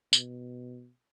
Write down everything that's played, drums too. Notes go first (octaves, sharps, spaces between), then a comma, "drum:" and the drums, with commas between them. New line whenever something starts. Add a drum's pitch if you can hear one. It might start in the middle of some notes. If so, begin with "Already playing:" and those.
B2, drum: tambourine